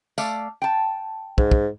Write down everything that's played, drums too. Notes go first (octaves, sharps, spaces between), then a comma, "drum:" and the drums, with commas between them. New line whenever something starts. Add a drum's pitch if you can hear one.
A3 D5 F5, drum: tambourine
G5 A5
G#2, drum: kick
drum: kick